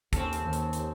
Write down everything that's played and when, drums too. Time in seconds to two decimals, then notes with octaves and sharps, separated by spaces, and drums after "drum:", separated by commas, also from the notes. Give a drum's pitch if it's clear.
0.13 D#2 C4 C#4 A4, drum: kick, hi-hat
0.33 drum: hi-hat
0.43 D#2
0.53 drum: hi-hat
0.73 drum: hi-hat